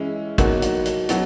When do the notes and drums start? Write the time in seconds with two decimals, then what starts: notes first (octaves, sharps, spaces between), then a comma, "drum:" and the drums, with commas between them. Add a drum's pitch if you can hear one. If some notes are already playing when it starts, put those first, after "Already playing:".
Already playing: E3 G#3 C#4 E4
0.38 B2 F#3 A#3 D#4 F#4, drum: kick, hi-hat
0.62 drum: hi-hat
0.85 drum: hi-hat
1.09 B2 F#3, drum: hi-hat